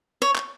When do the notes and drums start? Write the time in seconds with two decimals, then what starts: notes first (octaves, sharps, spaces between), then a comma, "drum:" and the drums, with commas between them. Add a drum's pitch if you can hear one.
0.22 C#5
0.36 drum: clap